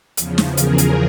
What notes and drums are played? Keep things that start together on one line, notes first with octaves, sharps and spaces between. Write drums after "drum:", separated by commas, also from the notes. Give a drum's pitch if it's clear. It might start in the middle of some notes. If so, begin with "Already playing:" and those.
E2 C#3 F3, drum: hi-hat
drum: snare
G#4 A#4, drum: hi-hat
drum: hi-hat